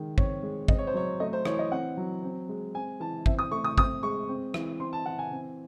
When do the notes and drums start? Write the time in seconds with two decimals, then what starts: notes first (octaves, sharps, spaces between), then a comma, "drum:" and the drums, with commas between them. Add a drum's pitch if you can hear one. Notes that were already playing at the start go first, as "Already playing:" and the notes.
Already playing: D#3 G#3
0.18 C4 C#5, drum: kick
0.43 G#3
0.68 C4 D#5, drum: kick
0.78 C#5
0.87 C5
0.94 F#3 C#5
1.20 A3 D#5
1.33 C5
1.45 E3 C#5, drum: rim click
1.59 D#5
1.71 C4 F#5
1.97 F#3
2.23 C4
2.49 G#3
2.75 C4 G#5
3.00 E3 A5
3.26 C4 E5, drum: kick
3.39 D#6
3.51 A3 C#6
3.64 D#6
3.78 C4 D#6, drum: kick
4.03 G#3 C#6
4.29 C4
4.54 E3, drum: rim click
4.80 C4 C6
4.93 A5
5.06 E3 F#5
5.19 G#5
5.32 C4